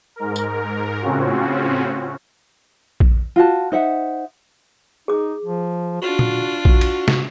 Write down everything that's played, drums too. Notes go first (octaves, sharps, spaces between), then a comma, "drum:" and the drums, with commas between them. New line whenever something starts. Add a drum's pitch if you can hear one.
G#2 A#4
drum: tambourine
A2 C#3 C4 C#4 F4 F#4
drum: kick A#1
F4 F#4 A5
D#4 C5 E5 F#5
D#4 G#4 D6
F3
D4 F4 F#4
drum: tom
F#4, drum: kick A#1
drum: cymbal
drum: snare